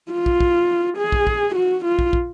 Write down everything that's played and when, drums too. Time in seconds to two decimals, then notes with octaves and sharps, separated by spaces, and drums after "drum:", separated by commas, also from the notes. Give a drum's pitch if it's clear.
0.12 F4
0.26 drum: kick
0.41 drum: kick
0.98 G#4
1.12 drum: kick
1.27 drum: kick
1.55 F#4
1.85 F4
1.99 drum: kick
2.13 drum: kick